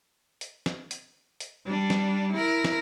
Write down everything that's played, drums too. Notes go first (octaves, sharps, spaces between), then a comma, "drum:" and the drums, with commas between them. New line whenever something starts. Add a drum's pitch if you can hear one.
drum: hi-hat
drum: snare
drum: hi-hat
drum: hi-hat
G3 D4
drum: snare
E4 A#4
drum: snare